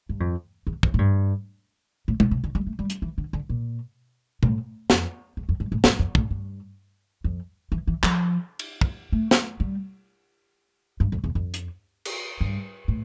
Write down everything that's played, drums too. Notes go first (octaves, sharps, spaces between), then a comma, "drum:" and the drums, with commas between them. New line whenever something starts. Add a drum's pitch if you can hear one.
G2
F2
E2
F2, drum: kick
A2
G2
A2
A#2, drum: tom G#3
C3
D3
G3
A3
G3
drum: hi-hat
E3
D3
D3
A#2
A2, drum: tom B2
F2, drum: snare
E2
F2
G2
A2
G2, drum: snare
F2
A2, drum: kick
G2
F2
E3
E3
F3, drum: clap
drum: cymbal
drum: kick
A3
drum: snare
G3
G2
F2
E2
F2
drum: hi-hat
drum: cymbal
G2
A2